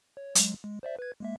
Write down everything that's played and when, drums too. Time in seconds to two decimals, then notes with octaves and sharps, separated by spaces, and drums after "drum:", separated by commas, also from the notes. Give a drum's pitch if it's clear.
0.17 C#5
0.35 F#3 G#3, drum: hi-hat
0.64 G#3
0.83 C5 D5 E5
0.99 B4 G#6
1.20 G#3 A#3 E5